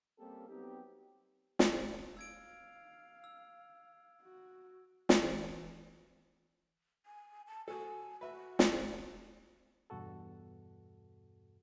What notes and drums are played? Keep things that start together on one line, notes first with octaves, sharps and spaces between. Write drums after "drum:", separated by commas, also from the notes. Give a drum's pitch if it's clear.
G3 A#3 C4 C#4 G4 A4
F#3 B3 C4 D#4 G4
drum: snare
F5 E6 G#6 D7
E6
F#4
drum: snare
E3
G#5
A5
F#4 A4 G#5
F#4 B4 E5
drum: snare
E2 G2 B2 F#4 A4